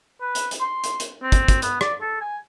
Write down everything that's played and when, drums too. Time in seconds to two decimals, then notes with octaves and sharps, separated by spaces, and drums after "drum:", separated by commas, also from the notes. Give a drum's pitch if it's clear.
0.21 B4
0.35 drum: hi-hat
0.51 drum: hi-hat
0.61 C6
0.84 drum: hi-hat
1.00 drum: hi-hat
1.22 C4
1.32 drum: kick, hi-hat
1.48 drum: kick, hi-hat
1.62 B3, drum: hi-hat
1.81 D5, drum: rim click
2.01 A4
2.21 G#5